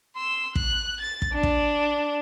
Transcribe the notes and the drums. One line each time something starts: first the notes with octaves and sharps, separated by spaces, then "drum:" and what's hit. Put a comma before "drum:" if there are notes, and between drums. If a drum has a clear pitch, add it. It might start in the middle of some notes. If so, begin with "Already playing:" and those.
C6 E6
F#6, drum: kick
A6
drum: kick
D4
drum: kick